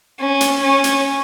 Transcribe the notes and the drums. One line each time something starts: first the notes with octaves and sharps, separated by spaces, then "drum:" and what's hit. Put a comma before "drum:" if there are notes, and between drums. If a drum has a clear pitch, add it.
C#4
drum: hi-hat
C#4
drum: hi-hat